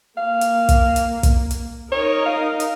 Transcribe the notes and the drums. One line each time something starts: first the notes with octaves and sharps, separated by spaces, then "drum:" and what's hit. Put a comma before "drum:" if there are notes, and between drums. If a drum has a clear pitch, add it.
A#3 F5
drum: hi-hat
drum: kick, hi-hat
drum: hi-hat
drum: kick, hi-hat
drum: hi-hat
D#4 A#4 C#5 D#5
F5
drum: hi-hat